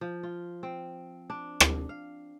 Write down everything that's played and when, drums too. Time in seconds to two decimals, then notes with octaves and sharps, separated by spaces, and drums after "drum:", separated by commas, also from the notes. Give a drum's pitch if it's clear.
0.01 F3
0.23 F4
0.63 C4
1.30 D4
1.60 drum: rim click
1.89 F5